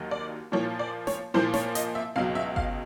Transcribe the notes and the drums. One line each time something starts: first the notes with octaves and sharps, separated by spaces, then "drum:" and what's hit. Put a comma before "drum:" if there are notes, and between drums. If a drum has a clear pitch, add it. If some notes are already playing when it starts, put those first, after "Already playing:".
Already playing: D#2 D#3 F#3 A#3
D5
A#2 F3 A#3 C#5
D5
C#5, drum: snare
A#2 F3 A#3 C5
C#5, drum: snare
D#5, drum: hi-hat
E5
C#2 B2 F#3 F5
E5
F5, drum: kick G1